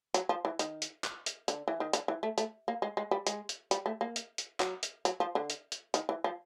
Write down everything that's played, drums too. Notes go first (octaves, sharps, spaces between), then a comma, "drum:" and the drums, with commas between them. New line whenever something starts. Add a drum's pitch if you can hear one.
F#3, drum: hi-hat
F3
E3
D#3, drum: hi-hat
drum: hi-hat
drum: clap
drum: hi-hat
D3, drum: hi-hat
E3
D#3
D3, drum: hi-hat
E3
A3
A3, drum: hi-hat
A#3
G#3
G#3
G3
G#3, drum: hi-hat
drum: hi-hat
G3, drum: hi-hat
A3
A#3
drum: hi-hat
drum: hi-hat
F#3, drum: clap
drum: hi-hat
F#3, drum: hi-hat
F3
D3
drum: hi-hat
drum: hi-hat
D#3, drum: hi-hat
E3
F3